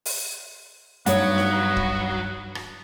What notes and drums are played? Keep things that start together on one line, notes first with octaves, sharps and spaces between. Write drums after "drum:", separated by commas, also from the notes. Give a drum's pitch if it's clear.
drum: open hi-hat
G2 F#3 B3 D#4 C#5 F#5, drum: hi-hat
drum: snare D#4
drum: kick
drum: rim click